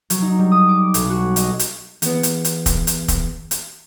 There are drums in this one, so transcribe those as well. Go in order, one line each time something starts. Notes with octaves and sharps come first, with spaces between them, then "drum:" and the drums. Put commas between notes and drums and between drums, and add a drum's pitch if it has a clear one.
F#3, drum: hi-hat
D#4
G3
D#6
D6
B1, drum: hi-hat
F#4
D#5, drum: hi-hat
drum: hi-hat
E2 B3, drum: hi-hat
drum: hi-hat
drum: hi-hat
drum: kick, hi-hat
drum: hi-hat
drum: kick, hi-hat
drum: hi-hat